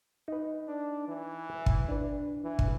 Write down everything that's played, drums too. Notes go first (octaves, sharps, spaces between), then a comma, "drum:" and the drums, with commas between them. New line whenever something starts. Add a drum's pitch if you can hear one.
D#4 B4
D4
E3
drum: kick
D4 B4
E3
drum: kick